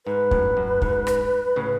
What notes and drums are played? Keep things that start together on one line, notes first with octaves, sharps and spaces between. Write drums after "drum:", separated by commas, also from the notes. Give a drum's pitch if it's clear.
G#2 B4
F#2 A2, drum: kick
F#2
G#2, drum: kick
drum: rim click
A2 C#3